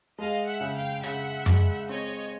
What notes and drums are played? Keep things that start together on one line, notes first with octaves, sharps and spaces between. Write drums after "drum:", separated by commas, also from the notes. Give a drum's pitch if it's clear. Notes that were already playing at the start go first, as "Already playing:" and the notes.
G#3 D#5 F5
E5 F#5
C#3
F5 G5
C#3 E5 F#5, drum: hi-hat
G#3, drum: tom F#2
C4 C#5 D#5